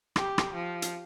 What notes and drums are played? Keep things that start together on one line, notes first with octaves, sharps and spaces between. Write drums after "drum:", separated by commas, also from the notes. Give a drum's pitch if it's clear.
G4, drum: rim click
drum: rim click
F3
drum: hi-hat